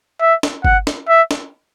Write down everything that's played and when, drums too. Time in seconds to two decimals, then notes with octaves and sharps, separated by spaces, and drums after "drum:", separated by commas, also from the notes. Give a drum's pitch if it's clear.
0.21 E5
0.43 drum: snare
0.65 F#5, drum: kick G1
0.87 drum: snare
1.09 E5
1.31 drum: snare